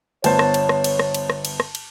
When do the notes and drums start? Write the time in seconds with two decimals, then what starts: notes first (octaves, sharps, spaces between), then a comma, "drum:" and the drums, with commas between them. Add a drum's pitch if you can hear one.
0.24 G1 B3 C5 C#5 A5, drum: cymbal
0.39 drum: rim click
0.54 drum: cymbal
0.69 drum: rim click
0.84 drum: cymbal
0.99 drum: rim click
1.15 drum: cymbal
1.30 drum: rim click
1.45 drum: cymbal
1.60 drum: rim click
1.75 drum: cymbal